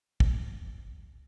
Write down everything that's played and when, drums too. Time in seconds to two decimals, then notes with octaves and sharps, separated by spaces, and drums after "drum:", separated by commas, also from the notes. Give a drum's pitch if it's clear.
0.20 G1 D2, drum: kick